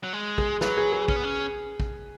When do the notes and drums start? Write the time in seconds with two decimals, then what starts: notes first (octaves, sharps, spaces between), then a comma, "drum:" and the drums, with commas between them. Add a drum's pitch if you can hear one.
0.03 F#3
0.13 G#3
0.38 G#4, drum: kick
0.61 F#3 B4, drum: snare
0.77 G#4
0.93 G#4
1.08 C#4, drum: kick
1.16 B3
1.24 C#4
1.80 drum: kick